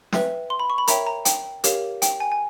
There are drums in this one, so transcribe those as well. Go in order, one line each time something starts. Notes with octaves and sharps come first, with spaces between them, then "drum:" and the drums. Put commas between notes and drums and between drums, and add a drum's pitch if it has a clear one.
B4 E5 G5, drum: snare
C6
B5
C#6
B5
A#4 C#5 E5 G5 A#5, drum: hi-hat
A#5
G5, drum: hi-hat
G4 A#4 C#5 F5, drum: hi-hat
G5, drum: hi-hat
G#5
G#5